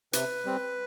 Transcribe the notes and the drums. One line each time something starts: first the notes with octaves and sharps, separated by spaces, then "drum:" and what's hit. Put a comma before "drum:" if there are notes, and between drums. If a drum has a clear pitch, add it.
C3 B4, drum: hi-hat
G3 C4